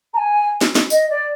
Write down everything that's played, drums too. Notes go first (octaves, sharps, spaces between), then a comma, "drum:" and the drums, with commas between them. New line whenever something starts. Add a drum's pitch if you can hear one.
A#5
G#5
drum: snare
drum: snare
D#5, drum: tambourine
D5